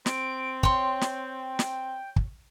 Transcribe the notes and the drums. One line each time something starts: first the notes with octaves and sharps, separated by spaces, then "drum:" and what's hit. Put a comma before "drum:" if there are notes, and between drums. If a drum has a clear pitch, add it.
C4 D7, drum: snare
C#5 G5 C6, drum: kick
drum: snare
drum: snare
drum: kick